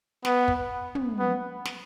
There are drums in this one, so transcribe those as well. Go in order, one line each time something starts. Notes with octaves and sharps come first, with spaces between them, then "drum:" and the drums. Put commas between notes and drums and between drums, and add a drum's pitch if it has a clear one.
B3, drum: snare
drum: kick
drum: tom
B3
drum: snare